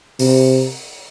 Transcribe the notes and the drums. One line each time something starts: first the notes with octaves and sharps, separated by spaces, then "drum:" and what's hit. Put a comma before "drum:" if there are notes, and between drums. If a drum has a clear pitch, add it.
C3, drum: open hi-hat